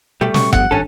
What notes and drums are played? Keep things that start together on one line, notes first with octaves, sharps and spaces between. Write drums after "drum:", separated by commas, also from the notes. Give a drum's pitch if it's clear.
B2 G3 A3
B2 C#6, drum: snare
G2 F3 B3 F#5, drum: kick
G#1 G2 C#4 D4 A4